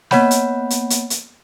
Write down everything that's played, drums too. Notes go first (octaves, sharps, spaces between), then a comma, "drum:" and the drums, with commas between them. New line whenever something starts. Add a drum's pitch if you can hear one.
A#3 B3 C#5 F#5 B5 G6, drum: snare
drum: hi-hat
drum: hi-hat
drum: hi-hat
drum: hi-hat